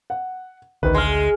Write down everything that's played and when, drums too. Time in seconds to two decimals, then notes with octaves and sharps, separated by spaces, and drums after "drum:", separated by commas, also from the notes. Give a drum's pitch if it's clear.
0.10 F#5
0.83 D2 D#3 B4, drum: kick A1
0.94 G#3 C6 F6